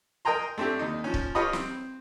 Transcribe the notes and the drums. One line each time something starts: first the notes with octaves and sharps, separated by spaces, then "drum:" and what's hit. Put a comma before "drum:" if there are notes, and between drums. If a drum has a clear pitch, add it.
A#4 D#5 G5 G#5 A#5 C6
A3 C4 D4 G4
D#2 D#4
F3 C#4
drum: kick
F4 G4 B4 C#5 D#5 B5
C4, drum: snare